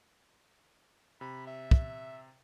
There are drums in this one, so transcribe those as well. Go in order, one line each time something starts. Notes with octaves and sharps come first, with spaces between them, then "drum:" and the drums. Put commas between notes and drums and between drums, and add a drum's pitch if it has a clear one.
C3 B5
E5
drum: kick